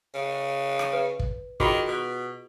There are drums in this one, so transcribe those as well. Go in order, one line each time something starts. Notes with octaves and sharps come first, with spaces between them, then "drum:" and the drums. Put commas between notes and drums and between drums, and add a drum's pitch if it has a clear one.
C#3
drum: rim click
B4
drum: kick
D#3 F4 F#4 G#4, drum: kick
B2